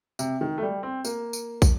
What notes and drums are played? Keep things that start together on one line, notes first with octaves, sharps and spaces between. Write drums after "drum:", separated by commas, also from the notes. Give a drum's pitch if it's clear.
C3, drum: tambourine
D#3
A3
G3
C4
A#3, drum: tambourine
drum: tambourine
drum: kick, tambourine